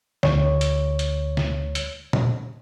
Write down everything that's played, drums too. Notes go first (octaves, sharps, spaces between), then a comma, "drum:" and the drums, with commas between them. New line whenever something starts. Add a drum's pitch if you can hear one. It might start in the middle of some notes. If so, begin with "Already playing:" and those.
D2 C#5, drum: snare
drum: hi-hat
drum: hi-hat
drum: snare
drum: hi-hat
drum: tom A#2